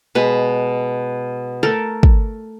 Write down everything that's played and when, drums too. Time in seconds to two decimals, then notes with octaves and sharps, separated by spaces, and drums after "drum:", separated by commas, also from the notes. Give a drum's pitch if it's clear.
0.15 B2 G#3 B4 B5
1.63 A3 A4 A#4
2.03 drum: kick